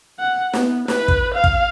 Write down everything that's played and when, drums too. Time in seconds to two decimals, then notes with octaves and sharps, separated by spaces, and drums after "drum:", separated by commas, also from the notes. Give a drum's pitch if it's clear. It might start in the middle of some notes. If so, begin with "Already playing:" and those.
0.20 F#5
0.53 B3, drum: snare
0.88 B4, drum: snare
1.08 drum: kick
1.35 F5
1.44 drum: kick